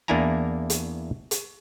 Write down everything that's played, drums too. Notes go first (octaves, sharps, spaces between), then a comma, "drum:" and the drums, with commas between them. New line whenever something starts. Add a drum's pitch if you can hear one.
E2 A#3 D4 E4 G#5 A#5
drum: hi-hat
drum: hi-hat